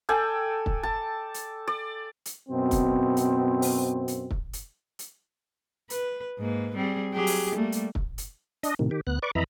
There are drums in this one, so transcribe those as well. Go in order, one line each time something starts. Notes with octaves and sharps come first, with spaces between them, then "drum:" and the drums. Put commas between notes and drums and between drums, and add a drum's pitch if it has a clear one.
A4 D5 G5 G#5
drum: kick
A5
drum: hi-hat
D5
drum: hi-hat
F#2 B2 C4
drum: kick, hi-hat
drum: hi-hat
drum: open hi-hat
drum: hi-hat
drum: kick
drum: hi-hat
drum: hi-hat
B4, drum: hi-hat
G#2 A#3 B4
G3 C4 G#4
F#3 G4 G#4
drum: open hi-hat
G3 A3 A#3
drum: hi-hat
drum: kick
drum: hi-hat
D4 D#5, drum: hi-hat
A2 C3 D#3
D#3 G4
D2 B3 F#6
B4 D5 C#6 D6
F2 E3 D#5 E5 A#5 B5